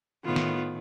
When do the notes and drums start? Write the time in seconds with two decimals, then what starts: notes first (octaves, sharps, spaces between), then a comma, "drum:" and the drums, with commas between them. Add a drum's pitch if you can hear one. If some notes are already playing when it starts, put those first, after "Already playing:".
0.25 A2 D#3 B3 F4
0.36 drum: snare